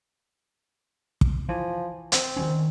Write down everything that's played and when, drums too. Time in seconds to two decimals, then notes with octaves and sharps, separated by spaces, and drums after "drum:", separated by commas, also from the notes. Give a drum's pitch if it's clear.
1.21 drum: kick
1.49 E3 F3
2.12 C4, drum: hi-hat
2.36 D#3 E3 C#4